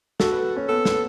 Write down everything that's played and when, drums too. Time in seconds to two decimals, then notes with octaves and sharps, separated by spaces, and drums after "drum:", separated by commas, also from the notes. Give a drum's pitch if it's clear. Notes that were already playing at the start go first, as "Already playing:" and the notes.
0.20 F#4 A4, drum: snare
0.32 B4
0.56 C#4
0.69 B3 A4
0.85 B3, drum: snare